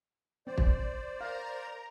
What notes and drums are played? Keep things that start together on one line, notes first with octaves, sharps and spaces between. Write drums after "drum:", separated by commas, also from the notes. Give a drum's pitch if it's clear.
C4 C5 D5
drum: kick
A#4 F5 A#5